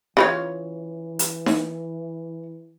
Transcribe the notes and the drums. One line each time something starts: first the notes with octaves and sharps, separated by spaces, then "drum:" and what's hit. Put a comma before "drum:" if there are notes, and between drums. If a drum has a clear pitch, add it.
C#3 E3 F4 C#5
drum: hi-hat
drum: snare D#4